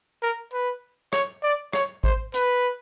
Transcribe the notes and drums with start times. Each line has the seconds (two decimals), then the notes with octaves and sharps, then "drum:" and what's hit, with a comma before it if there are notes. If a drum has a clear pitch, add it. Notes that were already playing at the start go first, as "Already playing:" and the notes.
0.22 A#4
0.53 B4
1.13 C#5, drum: rim click
1.43 D5
1.73 C#5, drum: rim click
2.04 C5, drum: kick G#1
2.34 B4, drum: hi-hat